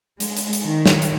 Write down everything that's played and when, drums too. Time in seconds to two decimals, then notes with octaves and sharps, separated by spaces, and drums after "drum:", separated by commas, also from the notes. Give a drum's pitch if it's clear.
0.20 G#3, drum: hi-hat
0.37 drum: hi-hat
0.53 drum: hi-hat
0.64 D#3
0.86 drum: snare
1.02 drum: hi-hat